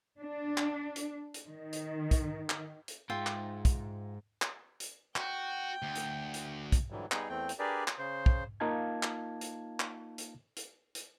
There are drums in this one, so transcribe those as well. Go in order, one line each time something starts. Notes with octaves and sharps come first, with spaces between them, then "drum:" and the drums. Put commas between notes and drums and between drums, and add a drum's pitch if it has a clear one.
D4
drum: clap
drum: hi-hat
drum: hi-hat
D#3
drum: hi-hat
drum: kick, hi-hat
drum: clap
drum: hi-hat
G#2 G#3 F4 E5 G5
drum: clap
drum: kick, hi-hat
drum: clap
drum: hi-hat
F#4 G5, drum: clap
D2
drum: hi-hat
drum: hi-hat
drum: kick, hi-hat
G#2 D3 E3 F#3 G3
G3 B3 D#4 G#4, drum: clap
E2 A3 C4 G5
drum: hi-hat
D4 G4 G#4 A#4 B4 D5
drum: clap
C#3 C5
drum: kick
A#3 D#4 F4 F5 A5 G#6
drum: clap
drum: hi-hat
drum: clap
drum: hi-hat
drum: hi-hat
drum: hi-hat